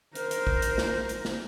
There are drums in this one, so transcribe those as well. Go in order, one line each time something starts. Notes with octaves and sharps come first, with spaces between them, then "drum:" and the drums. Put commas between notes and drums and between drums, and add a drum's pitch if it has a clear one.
A#4 C5, drum: hi-hat
drum: hi-hat
drum: kick
drum: hi-hat
drum: snare
drum: hi-hat
drum: snare